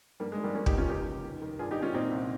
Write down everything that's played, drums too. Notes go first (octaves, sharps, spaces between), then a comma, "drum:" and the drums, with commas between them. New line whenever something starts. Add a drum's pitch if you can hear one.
G2 G3 A#3
G#3
G#1
G3 A#3
C#3 A#3 C#4
D#4 G4, drum: kick
C#2
C#4 F4
D#2 D#4 G4
F1
D#3
D#3
G2 F4 G#4
D#4 G4
G#1
C#4 F4
A#2 C4 D#4
C2